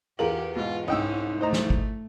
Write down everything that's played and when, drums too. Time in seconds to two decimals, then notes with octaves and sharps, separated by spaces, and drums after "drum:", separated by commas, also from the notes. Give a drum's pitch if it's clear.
0.19 E2 F4 G4 G#4 A#4 F#7
0.55 G#2 B2 F4
0.88 C2 G#2 C#4 D#5 G5 E6
1.41 A3 C5 D#5 A#5
1.53 drum: snare
1.70 drum: kick